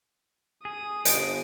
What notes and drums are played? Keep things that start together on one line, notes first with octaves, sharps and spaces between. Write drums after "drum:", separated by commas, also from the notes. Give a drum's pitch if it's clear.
G#4 D#6
G1 D7, drum: hi-hat